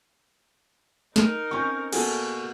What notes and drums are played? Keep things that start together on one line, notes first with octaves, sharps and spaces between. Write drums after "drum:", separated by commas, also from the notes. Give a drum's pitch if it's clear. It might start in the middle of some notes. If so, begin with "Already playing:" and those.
D#4 A#4, drum: snare
C4 C#4 C#6 G6
B2 A#3 G#4 A4 D6, drum: cymbal